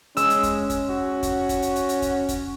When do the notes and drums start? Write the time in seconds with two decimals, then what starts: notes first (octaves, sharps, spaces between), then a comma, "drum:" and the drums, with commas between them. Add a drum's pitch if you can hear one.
0.17 G#3 C#4 E6, drum: hi-hat
0.30 drum: hi-hat
0.43 drum: kick, hi-hat
0.70 drum: kick, hi-hat
0.90 F#4
1.23 drum: kick, hi-hat
1.49 drum: kick, hi-hat
1.62 drum: hi-hat
1.76 drum: hi-hat
1.89 drum: hi-hat
2.02 drum: kick, hi-hat
2.29 drum: kick, hi-hat